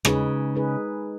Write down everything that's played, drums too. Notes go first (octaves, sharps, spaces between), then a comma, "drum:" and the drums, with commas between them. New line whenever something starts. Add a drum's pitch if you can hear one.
C#3 G#3 D#4 G#4 B4, drum: rim click
G#3 D#4 G#4 B4